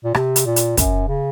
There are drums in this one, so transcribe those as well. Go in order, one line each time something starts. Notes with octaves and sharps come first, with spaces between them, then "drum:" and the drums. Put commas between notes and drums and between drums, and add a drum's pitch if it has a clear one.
A#2
C3, drum: rim click
drum: hi-hat
A#2
drum: hi-hat
F#2, drum: kick, hi-hat
C#3